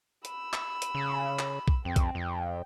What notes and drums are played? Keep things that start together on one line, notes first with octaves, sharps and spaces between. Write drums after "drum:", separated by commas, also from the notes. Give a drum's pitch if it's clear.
B5 E6, drum: hi-hat
drum: clap
drum: hi-hat
C#3
drum: clap
drum: kick B1
F2 C4
drum: kick B1, hi-hat
F2 G5